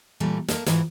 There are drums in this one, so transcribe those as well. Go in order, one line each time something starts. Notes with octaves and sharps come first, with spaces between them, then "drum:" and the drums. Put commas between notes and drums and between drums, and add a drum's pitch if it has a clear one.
A#2 E3 G3 A3
A3 A#3, drum: snare
G#2 E3 F4 F#4, drum: snare